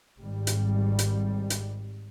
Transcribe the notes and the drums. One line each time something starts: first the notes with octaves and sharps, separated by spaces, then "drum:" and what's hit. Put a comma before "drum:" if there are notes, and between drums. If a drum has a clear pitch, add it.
G#1 G3
drum: hi-hat
drum: hi-hat
drum: hi-hat